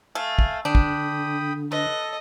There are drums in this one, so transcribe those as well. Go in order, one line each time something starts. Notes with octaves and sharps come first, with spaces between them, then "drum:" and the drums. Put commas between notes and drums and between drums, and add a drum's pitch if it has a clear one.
A3 F5 G#5
drum: kick
D3 D4 G5 B5 D#6
drum: kick
A4 B4 D#5